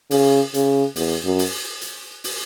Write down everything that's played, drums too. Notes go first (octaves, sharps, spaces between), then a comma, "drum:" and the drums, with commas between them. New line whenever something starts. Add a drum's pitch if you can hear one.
C#3, drum: open hi-hat
C#3, drum: hi-hat
E2, drum: open hi-hat
F#2
drum: open hi-hat
drum: hi-hat
drum: open hi-hat